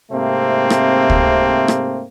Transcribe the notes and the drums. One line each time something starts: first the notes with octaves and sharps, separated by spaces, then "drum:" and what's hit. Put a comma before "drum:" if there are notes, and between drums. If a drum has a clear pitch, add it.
G#2 C3 A3 A#3 C4
drum: rim click
drum: kick
drum: rim click